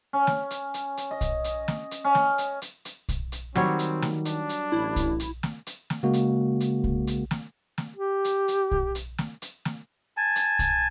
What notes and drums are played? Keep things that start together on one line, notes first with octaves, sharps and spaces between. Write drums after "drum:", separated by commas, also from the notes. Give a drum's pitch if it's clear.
C#4
drum: snare
drum: hi-hat
drum: hi-hat
drum: hi-hat
D#5
drum: kick B1, hi-hat
drum: hi-hat
drum: snare
drum: hi-hat
C#4
drum: snare
drum: hi-hat
drum: hi-hat
drum: hi-hat
drum: kick B1, hi-hat
drum: hi-hat
D#3 F#3 G3 C4 C#5, drum: snare
drum: hi-hat
drum: snare
D4, drum: hi-hat
drum: hi-hat
A1 E4
drum: kick B1, hi-hat
drum: hi-hat
drum: snare
drum: hi-hat
drum: snare
C#3 G#3 A#3 F#4
drum: hi-hat
drum: hi-hat
drum: kick B1
drum: hi-hat
drum: snare
drum: snare
G4
drum: hi-hat
drum: hi-hat
drum: kick B1
drum: hi-hat
drum: snare
drum: hi-hat
drum: snare
G#5 A5
drum: hi-hat
drum: kick B1, hi-hat